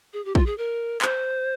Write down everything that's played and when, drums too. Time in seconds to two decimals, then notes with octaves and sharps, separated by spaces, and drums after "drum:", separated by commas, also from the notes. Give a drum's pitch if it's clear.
0.13 G#4
0.25 G4
0.35 F4, drum: kick
0.46 G#4
0.58 A#4
1.02 C5, drum: clap